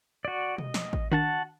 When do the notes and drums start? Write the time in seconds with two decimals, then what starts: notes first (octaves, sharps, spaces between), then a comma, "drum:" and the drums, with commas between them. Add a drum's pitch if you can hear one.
0.25 F#4 D5
0.58 D#5, drum: tom B2
0.74 drum: snare
0.93 drum: kick A1
1.12 D#3 D4 F#4 F#5 A5